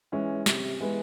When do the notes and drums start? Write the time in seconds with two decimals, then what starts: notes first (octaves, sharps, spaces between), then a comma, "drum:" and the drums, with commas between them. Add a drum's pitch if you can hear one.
0.12 E3 G#3 C#4
0.46 C3, drum: snare
0.80 E3 G#3 B3